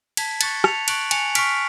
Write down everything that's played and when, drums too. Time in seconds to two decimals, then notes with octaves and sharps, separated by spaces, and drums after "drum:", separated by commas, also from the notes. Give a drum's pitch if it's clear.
0.17 A5 G#6 B6, drum: cymbal
0.41 C#6 F#6 A6 C#7, drum: cymbal
0.64 A5 C#7 F7, drum: rim click
0.88 C#6 F#6 D7 F#7, drum: cymbal
1.11 G#5 C#7 F7, drum: cymbal
1.35 C#6 F6 B6 D7, drum: cymbal